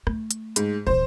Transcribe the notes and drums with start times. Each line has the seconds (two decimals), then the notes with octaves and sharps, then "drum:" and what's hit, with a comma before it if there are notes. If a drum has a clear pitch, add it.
0.07 A3, drum: rim click
0.31 drum: hi-hat
0.56 G#2, drum: hi-hat
0.87 D#1 E3 C5